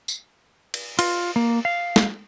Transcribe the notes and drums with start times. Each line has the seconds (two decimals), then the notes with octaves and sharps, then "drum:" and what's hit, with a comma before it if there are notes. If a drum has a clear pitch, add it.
0.08 drum: tambourine
0.74 drum: cymbal
0.99 F4, drum: cymbal
1.36 A#3
1.65 F5
1.96 drum: snare